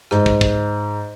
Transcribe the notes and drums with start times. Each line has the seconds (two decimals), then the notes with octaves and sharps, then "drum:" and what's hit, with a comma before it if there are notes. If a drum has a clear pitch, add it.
0.11 G#2, drum: rim click
0.26 drum: kick
0.41 drum: kick